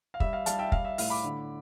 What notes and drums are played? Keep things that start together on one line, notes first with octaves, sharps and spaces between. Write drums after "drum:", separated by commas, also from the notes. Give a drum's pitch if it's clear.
F5
G3 E5, drum: kick
F5
G3 F5 A5, drum: hi-hat
E5 G5
G3 F5, drum: kick
E5
A2 F5, drum: open hi-hat
B5 D6
D3